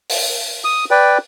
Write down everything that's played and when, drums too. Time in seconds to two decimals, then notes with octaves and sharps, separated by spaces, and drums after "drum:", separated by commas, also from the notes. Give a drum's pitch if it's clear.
0.09 drum: open hi-hat
0.64 D#6
0.91 B4 D5 G5